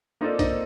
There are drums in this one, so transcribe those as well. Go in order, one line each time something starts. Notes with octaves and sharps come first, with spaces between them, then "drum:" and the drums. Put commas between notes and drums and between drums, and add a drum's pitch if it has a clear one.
A#3 C4 D#4 F4 A4 D5
C4 D#4, drum: kick, hi-hat